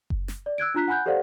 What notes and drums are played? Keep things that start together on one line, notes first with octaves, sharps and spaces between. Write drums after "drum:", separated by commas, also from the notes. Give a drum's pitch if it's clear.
drum: kick F#1
drum: snare
D5
E6 F#6 G#6 D7
D4 F4 A#5 F#6 B6
F#5 G#5 B5 F#6 G6
G4 A4 C5 D5 F5 F#5